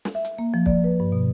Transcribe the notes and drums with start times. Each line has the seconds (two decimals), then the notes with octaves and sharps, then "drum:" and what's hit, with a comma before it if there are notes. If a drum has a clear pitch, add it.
0.05 drum: snare
0.15 E5
0.25 drum: hi-hat
0.39 A#3
0.54 F3
0.66 D5, drum: kick
0.84 B4
1.00 G2
1.12 B2